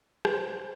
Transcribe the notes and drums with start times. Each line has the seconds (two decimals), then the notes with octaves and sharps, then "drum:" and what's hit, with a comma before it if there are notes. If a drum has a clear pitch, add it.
0.25 B4, drum: rim click
0.33 C5